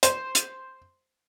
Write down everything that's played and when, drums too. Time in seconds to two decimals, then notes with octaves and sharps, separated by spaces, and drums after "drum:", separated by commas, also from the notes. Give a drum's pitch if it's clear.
0.03 C5, drum: hi-hat
0.35 drum: hi-hat